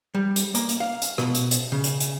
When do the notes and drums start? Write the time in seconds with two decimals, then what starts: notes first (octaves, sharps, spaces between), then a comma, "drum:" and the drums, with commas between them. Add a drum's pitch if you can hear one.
0.15 G3
0.36 drum: hi-hat
0.55 A#3, drum: hi-hat
0.69 drum: hi-hat
0.80 F5
1.02 drum: hi-hat
1.18 B2, drum: rim click
1.35 drum: hi-hat
1.51 drum: hi-hat
1.72 C#3
1.84 drum: hi-hat
2.00 drum: hi-hat